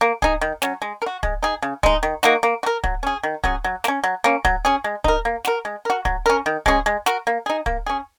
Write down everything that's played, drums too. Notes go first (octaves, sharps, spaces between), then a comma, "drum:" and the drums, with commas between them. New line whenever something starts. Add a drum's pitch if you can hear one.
A#3
D#4 G#4, drum: kick
D#3
F#3 C#4, drum: snare
G#3
A#4
F#4
G#3, drum: kick
D#4 G#4
C#3
G#3 D#4, drum: kick
D#3
A#3 D#4 F#4, drum: snare
A#3
F#4
A#4
F#3, drum: kick
C#4 G#4
D#3
F#3 C#4 G#4, drum: kick
F#3
A#3, drum: snare
C#4
F#3
A#3 C#4
F#3, drum: kick
C#4 G#4
G#3
D#4 A#4, drum: kick
A#3
F#4 A#4, drum: snare
G#3
F#4 A#4
F#3, drum: kick
C#4 A#4
D#3
G#3 C#4 G#4, drum: kick
G#3
F#4 A#4, drum: snare
A#3
D#4 G#4
A#3, drum: kick
C#4 G#4